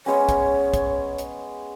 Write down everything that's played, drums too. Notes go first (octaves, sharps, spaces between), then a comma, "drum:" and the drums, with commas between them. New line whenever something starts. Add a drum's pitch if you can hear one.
G#3 B3 C#4 C#5
drum: kick, hi-hat
drum: kick, hi-hat
drum: hi-hat